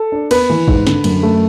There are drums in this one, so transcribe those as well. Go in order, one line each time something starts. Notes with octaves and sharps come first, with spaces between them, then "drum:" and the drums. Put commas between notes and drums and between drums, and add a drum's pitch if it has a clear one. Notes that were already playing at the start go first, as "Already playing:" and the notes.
Already playing: A4
D4
B3 B4, drum: cymbal
E3
G#2, drum: kick
D3, drum: snare
F#2, drum: cymbal
A3